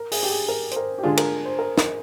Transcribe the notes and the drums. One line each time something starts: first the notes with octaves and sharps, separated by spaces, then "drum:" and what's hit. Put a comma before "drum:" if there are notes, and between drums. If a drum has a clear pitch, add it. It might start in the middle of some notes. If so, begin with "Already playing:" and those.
Already playing: A#4
G#4, drum: open hi-hat
G4
G#4
A#4
C5, drum: hi-hat
A#4
G4
D3 G#3 D4 F4 G#4
A#4, drum: cymbal
C5
A#4
A#4, drum: snare